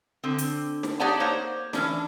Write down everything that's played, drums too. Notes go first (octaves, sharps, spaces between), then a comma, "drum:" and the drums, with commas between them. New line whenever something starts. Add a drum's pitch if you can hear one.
D3 C4
drum: hi-hat
drum: snare
D#4 G4 C#5 D5 F#5 A5
A#3 C5 C#5
E3 C#4 D4, drum: snare